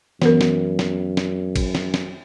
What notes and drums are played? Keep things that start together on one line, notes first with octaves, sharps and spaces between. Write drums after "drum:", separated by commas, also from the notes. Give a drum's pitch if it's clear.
F#2 E3 B3 A#4, drum: snare
drum: snare
drum: snare
drum: snare
drum: kick A1, cymbal
drum: snare
drum: snare